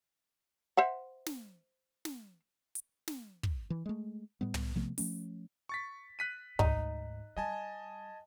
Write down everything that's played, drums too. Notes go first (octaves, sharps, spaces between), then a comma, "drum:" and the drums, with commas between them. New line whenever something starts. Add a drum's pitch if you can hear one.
C5 E5 F#5
drum: snare
drum: snare
drum: hi-hat
drum: snare
drum: kick
E3
G#3 A3
A2 G3 B3
drum: tom
C3 F3 A3 B3
F3 A3 C#4, drum: open hi-hat
C#6 A6 B6
F#6 B6 D#7
D2 G#2 D#4, drum: kick
G3 D#5 G#5 A5